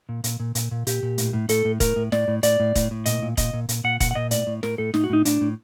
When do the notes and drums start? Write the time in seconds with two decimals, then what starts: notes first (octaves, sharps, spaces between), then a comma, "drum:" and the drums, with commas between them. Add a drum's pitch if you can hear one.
0.09 A#2
0.24 A#2, drum: hi-hat
0.40 A#2
0.55 A#2, drum: hi-hat
0.71 A#2
0.87 A#2 G4, drum: hi-hat
1.03 A#2
1.18 A2, drum: hi-hat
1.33 A2
1.49 A2 A4, drum: hi-hat
1.65 A2
1.80 A2 A#4, drum: kick E1, hi-hat
1.96 A2
2.12 A2 D5, drum: snare
2.28 A2
2.43 A2 D5, drum: hi-hat
2.60 A2
2.75 A2, drum: kick E1, hi-hat
2.91 A2
3.06 A#2 D#5, drum: hi-hat
3.22 A#2
3.37 A#2 D#5, drum: kick E1, hi-hat
3.53 A#2
3.69 A#2, drum: hi-hat
3.84 A#2 F#5
4.00 A#2 F#5, drum: kick E1, hi-hat
4.11 F#5
4.15 A#2 D#5
4.31 A2 D5, drum: hi-hat
4.47 A2
4.63 A2 A#4, drum: snare
4.78 A2 A4
4.94 A2 D#4, drum: snare
5.04 F#4
5.10 A2 D#4
5.25 A2 D4, drum: hi-hat
5.41 A2